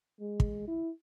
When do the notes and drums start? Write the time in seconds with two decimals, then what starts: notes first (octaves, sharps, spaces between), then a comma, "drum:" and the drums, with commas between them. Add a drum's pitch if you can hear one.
0.21 G#3
0.40 drum: kick
0.67 E4